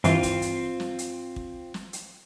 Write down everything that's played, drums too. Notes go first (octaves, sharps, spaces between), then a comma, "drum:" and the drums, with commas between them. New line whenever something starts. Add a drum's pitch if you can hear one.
G2 E3 C4 F4, drum: hi-hat
drum: kick, hi-hat
drum: hi-hat
drum: snare
drum: hi-hat
drum: kick
drum: snare
drum: hi-hat